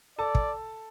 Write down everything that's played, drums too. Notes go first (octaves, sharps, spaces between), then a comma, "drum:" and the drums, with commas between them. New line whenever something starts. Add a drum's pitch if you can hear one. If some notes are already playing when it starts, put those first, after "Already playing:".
A4 D5 A5
drum: kick